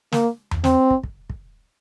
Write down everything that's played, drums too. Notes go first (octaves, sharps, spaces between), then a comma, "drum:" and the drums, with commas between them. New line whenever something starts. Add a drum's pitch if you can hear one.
A#3, drum: snare
drum: tom E2
C4, drum: snare
drum: kick
drum: kick
drum: kick